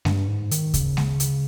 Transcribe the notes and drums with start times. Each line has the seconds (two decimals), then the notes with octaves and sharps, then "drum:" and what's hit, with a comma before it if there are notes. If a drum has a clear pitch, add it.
0.05 G2, drum: snare G#3
0.28 G#2
0.51 D#3, drum: hi-hat
0.74 C#3, drum: kick D2, hi-hat
0.97 drum: snare G#3
1.20 drum: hi-hat